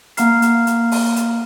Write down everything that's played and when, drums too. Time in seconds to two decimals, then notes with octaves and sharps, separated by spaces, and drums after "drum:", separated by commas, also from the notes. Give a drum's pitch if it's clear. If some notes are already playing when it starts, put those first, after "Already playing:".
0.17 A#3 F5 F#5 A#5 F6 C7, drum: hi-hat
0.42 drum: hi-hat
0.67 drum: hi-hat
0.92 drum: open hi-hat
1.16 drum: hi-hat